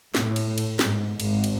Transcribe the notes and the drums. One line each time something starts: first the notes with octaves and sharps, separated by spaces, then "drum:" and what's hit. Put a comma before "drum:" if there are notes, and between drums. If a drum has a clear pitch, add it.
A2, drum: snare
drum: cymbal
drum: cymbal
G#2, drum: snare
G#1, drum: cymbal
drum: cymbal